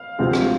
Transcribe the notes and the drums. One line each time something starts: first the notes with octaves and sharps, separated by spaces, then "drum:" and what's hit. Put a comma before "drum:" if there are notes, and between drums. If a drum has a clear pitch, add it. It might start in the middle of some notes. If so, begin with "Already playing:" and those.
Already playing: F5
D2 C3 F3 G#3 C4
drum: rim click